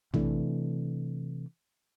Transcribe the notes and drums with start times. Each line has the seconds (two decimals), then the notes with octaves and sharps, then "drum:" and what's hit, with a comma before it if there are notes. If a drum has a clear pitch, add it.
0.14 C3 E3 A3 D4, drum: tom